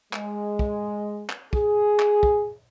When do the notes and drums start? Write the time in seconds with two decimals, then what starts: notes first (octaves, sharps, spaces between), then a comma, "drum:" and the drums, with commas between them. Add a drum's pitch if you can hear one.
0.13 G#3, drum: clap
0.59 drum: kick
1.29 drum: clap
1.53 G#4, drum: kick
2.00 drum: clap
2.23 drum: kick